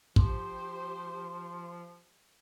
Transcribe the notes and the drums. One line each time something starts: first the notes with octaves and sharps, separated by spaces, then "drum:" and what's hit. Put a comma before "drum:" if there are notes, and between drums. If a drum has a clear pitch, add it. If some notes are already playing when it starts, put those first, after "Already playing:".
F3 G4 C5 C6, drum: kick